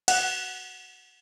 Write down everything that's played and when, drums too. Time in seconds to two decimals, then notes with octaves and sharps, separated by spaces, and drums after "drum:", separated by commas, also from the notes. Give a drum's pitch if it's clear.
0.08 F#5, drum: cymbal